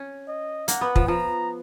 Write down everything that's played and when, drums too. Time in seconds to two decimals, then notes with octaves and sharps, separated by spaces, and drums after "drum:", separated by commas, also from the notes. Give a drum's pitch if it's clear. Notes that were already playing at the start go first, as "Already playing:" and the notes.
Already playing: C#4
0.28 D#5
0.68 A#3 F#5, drum: hi-hat
0.81 B3
0.96 F3, drum: kick
1.08 F3 A#5